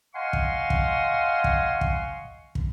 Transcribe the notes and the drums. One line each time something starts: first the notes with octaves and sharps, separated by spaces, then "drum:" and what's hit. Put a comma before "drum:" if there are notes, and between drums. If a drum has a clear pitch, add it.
D#5 F5 F#5 G#5 C6 C#6
drum: kick
drum: kick
drum: kick
drum: kick
drum: kick